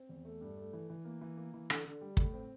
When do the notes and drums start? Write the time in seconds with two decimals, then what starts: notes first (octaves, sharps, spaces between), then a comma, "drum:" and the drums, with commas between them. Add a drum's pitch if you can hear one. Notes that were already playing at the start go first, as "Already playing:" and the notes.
Already playing: C4
0.09 E2
0.25 A3
0.41 G2
0.57 A3
0.73 E3
0.90 E3
1.05 A#3
1.21 E3
1.37 A#3
1.54 E3
1.70 D3, drum: rim click
1.85 D3
2.01 G3
2.17 A2, drum: kick
2.33 C4